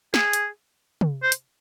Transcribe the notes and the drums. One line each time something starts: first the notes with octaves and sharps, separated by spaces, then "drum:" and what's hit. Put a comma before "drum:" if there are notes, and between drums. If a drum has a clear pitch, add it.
G#4, drum: snare
drum: hi-hat
drum: tom
C5
drum: hi-hat